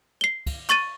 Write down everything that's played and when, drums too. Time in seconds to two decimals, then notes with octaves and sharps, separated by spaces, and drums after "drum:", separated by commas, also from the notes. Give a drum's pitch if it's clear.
0.21 C7 G7
0.46 drum: kick, cymbal
0.69 C#6 A6 D#7, drum: clap